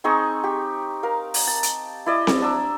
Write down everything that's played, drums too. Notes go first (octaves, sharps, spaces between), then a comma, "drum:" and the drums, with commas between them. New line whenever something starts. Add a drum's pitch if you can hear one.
C4 D#4 G#4 C#6
G4
A#4 F5
drum: open hi-hat
A5
drum: hi-hat
E4 D5 D#5
drum: snare C4
D4 A#5 E6